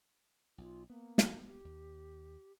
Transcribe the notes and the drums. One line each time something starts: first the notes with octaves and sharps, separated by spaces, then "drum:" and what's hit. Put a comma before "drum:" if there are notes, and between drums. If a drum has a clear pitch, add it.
B1 F4
A#3 B3
drum: snare
G4
D#2